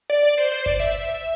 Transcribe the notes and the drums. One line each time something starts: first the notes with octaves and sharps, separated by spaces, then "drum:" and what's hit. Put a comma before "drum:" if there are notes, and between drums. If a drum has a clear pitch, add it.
D5
D5
C5
C5
D5, drum: kick G1
E5